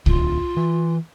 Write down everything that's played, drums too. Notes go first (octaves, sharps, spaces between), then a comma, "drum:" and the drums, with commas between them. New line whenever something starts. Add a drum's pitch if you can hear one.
D1 F4, drum: kick C2
E3